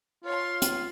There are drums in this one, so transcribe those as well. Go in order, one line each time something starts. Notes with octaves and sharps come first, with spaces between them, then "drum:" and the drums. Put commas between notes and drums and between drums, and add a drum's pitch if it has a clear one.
F4 C#5 F5 C6
drum: hi-hat